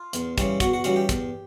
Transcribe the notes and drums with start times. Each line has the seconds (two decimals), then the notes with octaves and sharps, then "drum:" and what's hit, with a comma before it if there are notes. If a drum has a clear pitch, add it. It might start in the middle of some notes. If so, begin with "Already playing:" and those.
Already playing: F4
0.13 E2, drum: hi-hat
0.38 C#3 E3 G3, drum: kick, hi-hat
0.60 E2 F#4, drum: kick, hi-hat
0.73 F#4
0.84 C#3 E3 G3 F#4, drum: hi-hat
0.96 G4
1.09 E2, drum: kick, hi-hat